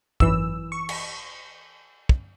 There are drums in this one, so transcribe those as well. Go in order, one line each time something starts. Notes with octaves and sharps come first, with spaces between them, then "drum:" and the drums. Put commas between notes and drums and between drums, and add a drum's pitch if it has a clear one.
G#1 F#2 E3 E6, drum: kick
C#6
drum: cymbal
drum: kick